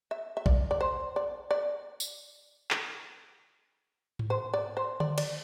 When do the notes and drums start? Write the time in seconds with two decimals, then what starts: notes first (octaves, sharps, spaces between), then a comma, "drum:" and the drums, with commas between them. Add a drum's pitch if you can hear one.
0.11 E5
0.37 E5
0.46 D5, drum: kick
0.71 D5
0.81 C5
1.16 D5
1.51 D5
2.00 drum: tambourine
2.71 drum: clap
4.19 drum: tom G#2
4.30 C5
4.54 D5
4.77 C5
5.00 D5, drum: tom D3
5.18 D5, drum: cymbal